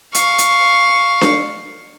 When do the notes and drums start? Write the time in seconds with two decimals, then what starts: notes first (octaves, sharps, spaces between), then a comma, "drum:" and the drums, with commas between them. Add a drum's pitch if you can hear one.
0.14 F5 C#6, drum: hi-hat
0.38 drum: hi-hat
1.21 drum: snare D4